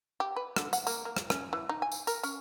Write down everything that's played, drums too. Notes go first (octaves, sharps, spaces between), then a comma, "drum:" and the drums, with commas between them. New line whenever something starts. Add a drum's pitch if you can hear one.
G4
B4
D3, drum: rim click
F#5, drum: tambourine
A#3, drum: tambourine
A#3
drum: rim click
C#4, drum: rim click
E3
D#4
G#5
drum: tambourine
A#4, drum: tambourine
C#4, drum: tambourine